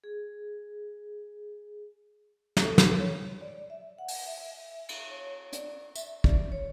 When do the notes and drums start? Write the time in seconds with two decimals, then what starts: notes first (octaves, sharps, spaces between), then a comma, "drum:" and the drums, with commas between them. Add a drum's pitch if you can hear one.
0.04 G#4
2.57 A4, drum: snare
2.78 drum: snare
2.99 C#5
3.41 D5
3.70 E5
3.99 F#5
4.08 drum: open hi-hat
4.26 E5
4.89 drum: cymbal
5.11 C#5
5.53 D5, drum: hi-hat
5.96 E5, drum: tambourine
6.24 D5, drum: kick
6.52 C#5